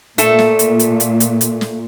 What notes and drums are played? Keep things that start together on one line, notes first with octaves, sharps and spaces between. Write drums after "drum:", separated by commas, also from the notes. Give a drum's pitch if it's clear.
A#2 A3 A4, drum: hi-hat
drum: snare
drum: hi-hat
drum: hi-hat
drum: hi-hat
drum: hi-hat
drum: hi-hat
drum: snare